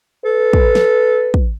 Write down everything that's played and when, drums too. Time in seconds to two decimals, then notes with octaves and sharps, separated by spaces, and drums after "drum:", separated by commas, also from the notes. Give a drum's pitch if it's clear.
0.25 A4 B4
0.53 drum: kick
0.75 drum: snare
1.34 drum: kick